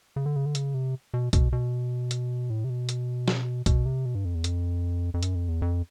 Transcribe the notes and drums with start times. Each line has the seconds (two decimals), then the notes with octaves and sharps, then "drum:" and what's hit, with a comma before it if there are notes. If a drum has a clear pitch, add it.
0.16 C#3
0.26 D3
0.36 C#3
0.45 D3
0.55 C#3, drum: hi-hat
0.74 C3
1.14 B2
1.33 B2, drum: kick B1, hi-hat
1.53 B2
2.11 drum: hi-hat
2.50 A2
2.64 C3
2.70 B2
2.89 drum: hi-hat
3.28 drum: snare
3.66 B2, drum: kick B1, hi-hat
3.86 C3
4.06 B2
4.15 G2
4.25 F2
4.35 E2
4.44 F2, drum: hi-hat
5.14 F2
5.23 F#2, drum: hi-hat
5.35 F2
5.48 E2
5.62 F2